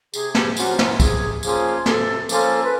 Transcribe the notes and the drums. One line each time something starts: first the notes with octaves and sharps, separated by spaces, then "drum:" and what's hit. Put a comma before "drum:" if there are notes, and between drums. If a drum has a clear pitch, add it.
C3 G#4, drum: tambourine
G4, drum: snare
F3 A#3 C#4 F4 F#4, drum: tambourine
E4, drum: snare
C3 G#4, drum: kick, tambourine
F3 A#3 C#4 F4 G#4, drum: tambourine
C3 A4, drum: snare
F3 A#3 C#4 F4 A4, drum: tambourine
B4